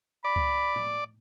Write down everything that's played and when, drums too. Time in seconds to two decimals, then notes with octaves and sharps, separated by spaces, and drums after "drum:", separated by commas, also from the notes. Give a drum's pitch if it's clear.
0.24 D5 B5
0.36 drum: kick C#2
0.76 drum: tom A2